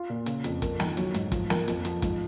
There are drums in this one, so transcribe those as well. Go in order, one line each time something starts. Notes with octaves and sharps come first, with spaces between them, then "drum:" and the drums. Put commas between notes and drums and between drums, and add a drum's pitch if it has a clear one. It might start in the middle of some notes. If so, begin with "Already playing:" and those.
Already playing: F4
A#2
C#3, drum: hi-hat
F2, drum: hi-hat
A#3, drum: kick, hi-hat
D#3, drum: snare
F#3, drum: hi-hat
G#2, drum: hi-hat
F3, drum: kick, hi-hat
A#3, drum: snare
F2, drum: hi-hat
F3, drum: hi-hat
G#2, drum: kick, hi-hat